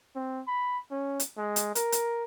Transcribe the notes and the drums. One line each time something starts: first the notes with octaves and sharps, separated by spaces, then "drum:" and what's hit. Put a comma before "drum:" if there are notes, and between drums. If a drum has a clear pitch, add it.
C4
B5
C#4
drum: hi-hat
G#3
drum: hi-hat
A#4, drum: hi-hat
drum: hi-hat